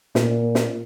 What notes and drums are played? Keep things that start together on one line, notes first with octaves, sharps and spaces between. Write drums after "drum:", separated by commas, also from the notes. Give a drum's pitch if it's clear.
A#2, drum: snare
drum: snare